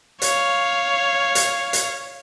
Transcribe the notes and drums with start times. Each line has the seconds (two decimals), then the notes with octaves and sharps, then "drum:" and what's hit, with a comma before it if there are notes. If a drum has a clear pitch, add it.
0.22 C#5 F5, drum: hi-hat
1.35 drum: hi-hat
1.73 drum: hi-hat